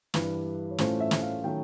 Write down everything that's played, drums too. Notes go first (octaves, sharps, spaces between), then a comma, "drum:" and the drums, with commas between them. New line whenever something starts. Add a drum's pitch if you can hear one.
G2 E3 G3 B4, drum: snare
C#5
A2 E3 A3 C#4 F4 C5, drum: snare
E5
drum: snare
F5
D#3 F#3 A3 C#4 G5